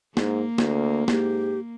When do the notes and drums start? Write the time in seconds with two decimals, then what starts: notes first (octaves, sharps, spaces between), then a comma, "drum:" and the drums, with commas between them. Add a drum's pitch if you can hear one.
0.17 G#2 A#3, drum: snare
0.58 D2, drum: snare
1.08 G#2 G4, drum: snare